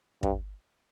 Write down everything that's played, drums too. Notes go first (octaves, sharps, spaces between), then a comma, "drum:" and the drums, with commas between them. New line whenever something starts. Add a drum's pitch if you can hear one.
G2, drum: kick